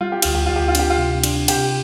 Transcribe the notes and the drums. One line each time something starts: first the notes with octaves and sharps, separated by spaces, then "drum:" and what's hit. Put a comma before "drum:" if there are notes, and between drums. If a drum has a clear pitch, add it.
G3 F4
G4
D2 F4, drum: cymbal
G4
D2 F4
G4
F4
D4 G4, drum: cymbal
F4
C3
D4, drum: cymbal
C3 G4, drum: cymbal